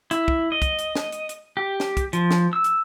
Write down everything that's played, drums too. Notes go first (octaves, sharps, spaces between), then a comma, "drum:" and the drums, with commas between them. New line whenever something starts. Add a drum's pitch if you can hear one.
E4, drum: hi-hat
drum: kick
D#5
drum: kick, hi-hat
drum: hi-hat
drum: snare
drum: hi-hat
drum: hi-hat
G4
drum: snare
drum: kick, hi-hat
F3, drum: hi-hat
drum: snare
E6
drum: hi-hat